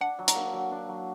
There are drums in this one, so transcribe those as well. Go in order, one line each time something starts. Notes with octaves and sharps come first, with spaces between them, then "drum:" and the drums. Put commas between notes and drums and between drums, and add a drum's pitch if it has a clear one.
D4 F#5
F#3
A#5, drum: hi-hat
A#3
F#3
D4
F#3